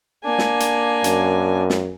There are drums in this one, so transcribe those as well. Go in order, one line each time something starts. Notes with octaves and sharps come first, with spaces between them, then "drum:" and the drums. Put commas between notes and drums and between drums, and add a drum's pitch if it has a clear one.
A#3 D4 G#5
drum: snare
drum: hi-hat
F#2, drum: hi-hat
drum: snare